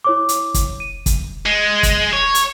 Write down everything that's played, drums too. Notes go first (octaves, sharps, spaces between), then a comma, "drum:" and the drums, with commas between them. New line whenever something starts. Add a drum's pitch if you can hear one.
E4 C#5 D6
drum: hi-hat
drum: kick, hi-hat
D#7
drum: kick, hi-hat
G#3 C#7
drum: kick, hi-hat
C#5
drum: hi-hat